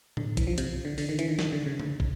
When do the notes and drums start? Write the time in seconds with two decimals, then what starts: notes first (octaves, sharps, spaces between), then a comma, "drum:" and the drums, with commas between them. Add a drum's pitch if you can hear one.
0.17 D3, drum: tom A2
0.37 E3, drum: kick, hi-hat
0.47 F3
0.58 C3, drum: hi-hat
0.85 D3
0.98 D3, drum: open hi-hat
1.09 D#3
1.19 E3, drum: hi-hat
1.29 D#3
1.39 D#3, drum: snare
1.52 D3
1.66 C#3
1.80 drum: tom C#3
2.00 drum: kick